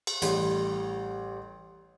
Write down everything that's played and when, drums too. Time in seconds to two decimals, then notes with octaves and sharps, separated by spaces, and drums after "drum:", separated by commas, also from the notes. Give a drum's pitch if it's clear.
0.07 drum: cymbal
0.22 A1 G3 C6, drum: hi-hat